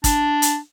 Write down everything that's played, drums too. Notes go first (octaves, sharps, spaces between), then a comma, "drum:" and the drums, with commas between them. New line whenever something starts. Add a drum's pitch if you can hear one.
D4, drum: kick, hi-hat
drum: hi-hat